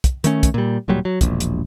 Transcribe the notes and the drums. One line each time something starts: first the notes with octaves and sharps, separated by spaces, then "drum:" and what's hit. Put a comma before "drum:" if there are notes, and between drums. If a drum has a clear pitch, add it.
drum: kick, hi-hat
D#3 A3 C#4, drum: hi-hat
drum: kick, hi-hat
A#2 G3
D1 A#2 F#3 G3
F#3
E1 A#1, drum: kick, hi-hat
drum: hi-hat